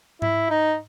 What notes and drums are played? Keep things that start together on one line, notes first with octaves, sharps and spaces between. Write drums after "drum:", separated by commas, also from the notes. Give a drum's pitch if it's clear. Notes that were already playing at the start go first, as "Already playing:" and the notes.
E4, drum: tom G#2
D#4